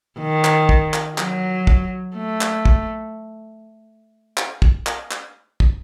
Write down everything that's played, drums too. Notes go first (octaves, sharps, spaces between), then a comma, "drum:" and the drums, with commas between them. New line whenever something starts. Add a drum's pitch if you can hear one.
D#3
drum: clap
drum: kick
drum: clap
F#3, drum: clap
drum: kick
A3
drum: clap
drum: kick
drum: clap
drum: kick
drum: clap
drum: clap
drum: kick